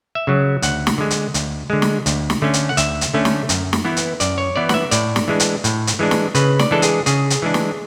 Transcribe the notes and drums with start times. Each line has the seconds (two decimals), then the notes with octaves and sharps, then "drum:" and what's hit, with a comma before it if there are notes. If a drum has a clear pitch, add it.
0.15 E5
0.27 C#3 F#3
0.62 D2 F#5, drum: hi-hat
0.87 drum: snare
0.98 D3 G#3
1.11 drum: hi-hat
1.34 D2, drum: hi-hat
1.70 D3 G#3
1.82 drum: snare
2.06 D2, drum: hi-hat
2.30 drum: snare
2.42 D3 A3 C#4
2.54 drum: hi-hat
2.69 F#5
2.77 D2 E5, drum: hi-hat
3.01 drum: hi-hat
3.14 D3 A3 C#4
3.25 drum: snare
3.49 F#2, drum: hi-hat
3.73 drum: snare
3.85 E3 B3 E4
3.97 drum: hi-hat
4.20 F#2 D5, drum: hi-hat
4.38 C#5
4.56 E3 B3 E4 D5
4.69 F#5, drum: snare
4.74 E5
4.91 A2 D5, drum: hi-hat
5.16 drum: snare
5.28 E3 G#3 D4
5.40 drum: hi-hat
5.64 A2, drum: hi-hat
5.87 drum: hi-hat
5.99 E3 G#3 D4
6.11 drum: snare
6.35 C#3 B4, drum: hi-hat
6.59 D5, drum: snare
6.71 E3 G#3 D4 A4
6.82 G#4, drum: hi-hat
7.06 C#3 G#4, drum: hi-hat
7.30 drum: hi-hat
7.42 E3 G#3 D4
7.54 drum: snare